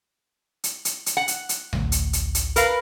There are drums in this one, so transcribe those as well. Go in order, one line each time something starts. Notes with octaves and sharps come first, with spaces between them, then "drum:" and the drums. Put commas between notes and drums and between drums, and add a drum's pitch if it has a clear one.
drum: hi-hat
drum: hi-hat
drum: hi-hat
F#5
drum: hi-hat
drum: hi-hat
A1 D2, drum: tom C#2
drum: hi-hat
drum: hi-hat
drum: hi-hat
A#4 B4 F5, drum: hi-hat